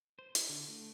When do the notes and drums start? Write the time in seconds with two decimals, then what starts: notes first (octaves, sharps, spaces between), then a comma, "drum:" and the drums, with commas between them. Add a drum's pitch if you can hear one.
0.19 C5
0.35 E4, drum: hi-hat
0.49 D3
0.68 A3